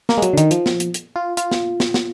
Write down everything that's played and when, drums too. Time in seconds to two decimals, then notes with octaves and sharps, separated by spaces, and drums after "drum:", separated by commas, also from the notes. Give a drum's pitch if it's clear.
0.09 A#3, drum: snare
0.17 G#3
0.22 F#3, drum: hi-hat
0.33 D3
0.38 D#3, drum: hi-hat
0.51 F3, drum: hi-hat
0.66 drum: snare
0.80 drum: hi-hat
0.94 drum: hi-hat
1.16 F4
1.37 F4, drum: hi-hat
1.51 drum: snare
1.80 drum: snare
1.94 drum: snare